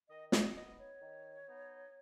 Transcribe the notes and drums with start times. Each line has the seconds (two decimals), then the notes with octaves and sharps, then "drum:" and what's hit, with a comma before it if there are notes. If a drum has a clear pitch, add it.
0.09 D#3 D#5
0.32 D#5, drum: snare
0.55 B3 D#4 D#5
0.78 C#5
1.01 D#3
1.47 B3 D#4